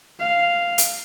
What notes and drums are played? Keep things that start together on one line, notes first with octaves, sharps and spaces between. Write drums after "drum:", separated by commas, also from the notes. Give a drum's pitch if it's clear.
F5
drum: hi-hat